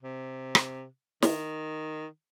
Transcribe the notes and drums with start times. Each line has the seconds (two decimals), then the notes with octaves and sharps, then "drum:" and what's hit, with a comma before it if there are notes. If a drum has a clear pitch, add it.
0.02 C3
0.55 drum: rim click
1.22 D#3, drum: snare